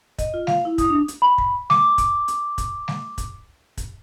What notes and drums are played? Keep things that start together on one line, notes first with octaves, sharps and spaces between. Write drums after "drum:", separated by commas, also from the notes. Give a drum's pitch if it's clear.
D#5, drum: kick, hi-hat
F4
F5, drum: snare G3
E4
D#6, drum: kick, hi-hat
D4
drum: hi-hat
B5
drum: kick
D6, drum: snare G3
drum: kick, hi-hat
drum: hi-hat
drum: kick, hi-hat
drum: snare G3
drum: kick, hi-hat
drum: kick, hi-hat